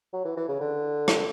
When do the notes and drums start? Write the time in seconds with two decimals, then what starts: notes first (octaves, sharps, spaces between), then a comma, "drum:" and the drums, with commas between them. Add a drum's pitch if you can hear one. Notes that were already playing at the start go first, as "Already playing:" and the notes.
0.13 F#3
0.25 E3
0.37 E3
0.48 C#3
0.61 D3
1.08 drum: rim click